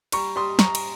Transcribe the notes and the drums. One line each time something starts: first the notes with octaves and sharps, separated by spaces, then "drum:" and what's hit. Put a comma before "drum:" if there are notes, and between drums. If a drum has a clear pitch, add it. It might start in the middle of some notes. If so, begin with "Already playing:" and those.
G3 A#5 C#6, drum: cymbal
G3 C6 D#6
G3 A#5 C#6, drum: snare
drum: cymbal